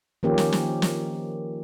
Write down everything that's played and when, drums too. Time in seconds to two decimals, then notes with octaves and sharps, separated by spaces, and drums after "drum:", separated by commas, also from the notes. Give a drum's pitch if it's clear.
0.23 D#3 F3 A#3 C#4 G4
0.38 drum: snare
0.52 drum: snare
0.82 drum: snare